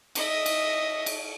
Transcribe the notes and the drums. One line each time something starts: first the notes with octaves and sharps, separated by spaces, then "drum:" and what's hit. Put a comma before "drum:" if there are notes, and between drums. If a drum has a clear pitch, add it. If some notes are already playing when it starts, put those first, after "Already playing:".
D#5 E5, drum: cymbal
drum: cymbal
drum: cymbal